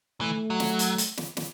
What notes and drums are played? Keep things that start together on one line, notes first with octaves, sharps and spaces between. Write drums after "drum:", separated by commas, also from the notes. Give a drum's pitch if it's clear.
E3 A3
F#3
drum: snare
drum: hi-hat
drum: hi-hat
drum: snare
drum: snare